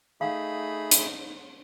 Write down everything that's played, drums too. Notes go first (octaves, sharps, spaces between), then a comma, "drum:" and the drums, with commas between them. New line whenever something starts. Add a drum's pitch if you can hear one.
A3 D#4 G#4 F5 F#5 B5
drum: hi-hat